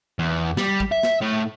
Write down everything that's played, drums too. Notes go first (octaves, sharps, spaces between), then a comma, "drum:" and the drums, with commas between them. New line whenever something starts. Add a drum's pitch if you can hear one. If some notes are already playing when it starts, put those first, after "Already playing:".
E2
G3, drum: snare
drum: kick
E5
drum: snare
A2